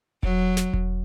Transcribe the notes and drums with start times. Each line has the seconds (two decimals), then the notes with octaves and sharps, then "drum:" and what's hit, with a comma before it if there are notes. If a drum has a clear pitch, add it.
0.23 F#3, drum: kick E1
0.57 drum: snare
0.73 drum: kick E1